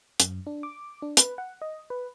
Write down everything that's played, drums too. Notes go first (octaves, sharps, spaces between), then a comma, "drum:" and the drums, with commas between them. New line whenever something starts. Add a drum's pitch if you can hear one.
F#2, drum: hi-hat
D4
D6
D4
B4, drum: hi-hat
F#5
D#5
B4